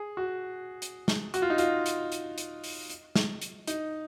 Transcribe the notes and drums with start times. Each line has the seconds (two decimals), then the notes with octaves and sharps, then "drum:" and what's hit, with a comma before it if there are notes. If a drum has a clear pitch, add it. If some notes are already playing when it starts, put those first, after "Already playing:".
Already playing: G#4
0.17 F#4
0.82 drum: hi-hat
1.08 drum: snare
1.34 F#4, drum: hi-hat
1.42 F4
1.50 D#4
1.58 F4, drum: hi-hat
1.86 drum: hi-hat
2.12 drum: hi-hat
2.38 drum: hi-hat
2.64 drum: open hi-hat
2.90 drum: hi-hat
3.16 drum: snare
3.41 drum: hi-hat
3.67 D#4, drum: hi-hat